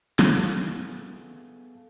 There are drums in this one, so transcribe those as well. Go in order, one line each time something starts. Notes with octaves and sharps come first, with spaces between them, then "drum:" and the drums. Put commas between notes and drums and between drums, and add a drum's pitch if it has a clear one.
B3 G#4 A4 F5 G#5 A5, drum: snare